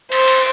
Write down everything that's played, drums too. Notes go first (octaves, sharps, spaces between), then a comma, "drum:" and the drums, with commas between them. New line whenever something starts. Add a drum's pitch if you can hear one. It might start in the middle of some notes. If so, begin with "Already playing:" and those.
C5, drum: cymbal
drum: cymbal